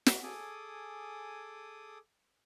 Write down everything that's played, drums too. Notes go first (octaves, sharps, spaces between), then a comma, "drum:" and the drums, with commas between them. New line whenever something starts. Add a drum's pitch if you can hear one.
drum: snare
G#4 A4 G#5 D6 D#6